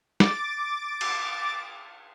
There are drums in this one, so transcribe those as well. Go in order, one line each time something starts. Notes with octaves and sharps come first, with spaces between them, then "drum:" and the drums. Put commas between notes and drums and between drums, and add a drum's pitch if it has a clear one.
D6 A6, drum: snare
drum: cymbal